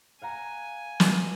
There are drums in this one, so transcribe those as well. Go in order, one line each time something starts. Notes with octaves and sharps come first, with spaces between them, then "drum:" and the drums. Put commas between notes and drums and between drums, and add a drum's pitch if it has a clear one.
F5 F#5 G#5 A#5
drum: snare